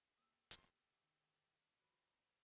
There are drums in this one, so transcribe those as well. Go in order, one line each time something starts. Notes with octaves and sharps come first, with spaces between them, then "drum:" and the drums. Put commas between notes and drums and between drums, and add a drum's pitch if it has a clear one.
A#3 G4 A4 D#5 D#6 E6
drum: hi-hat
D#3
F3 B3 F#4 D5 A#5 C6